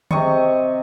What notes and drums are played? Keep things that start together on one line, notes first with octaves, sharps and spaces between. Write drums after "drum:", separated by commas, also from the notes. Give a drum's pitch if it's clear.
C3 D#5 C#6, drum: tom